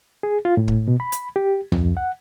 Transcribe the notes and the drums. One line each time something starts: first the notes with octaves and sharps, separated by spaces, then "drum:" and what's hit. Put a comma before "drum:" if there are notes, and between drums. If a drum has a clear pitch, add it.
G#4
F4
A2
drum: kick
B2
B5
drum: hi-hat
G4
F2, drum: tom
F#5